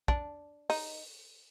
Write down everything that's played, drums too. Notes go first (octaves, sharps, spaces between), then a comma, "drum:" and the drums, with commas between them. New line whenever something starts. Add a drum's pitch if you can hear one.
D4, drum: kick
D#4, drum: open hi-hat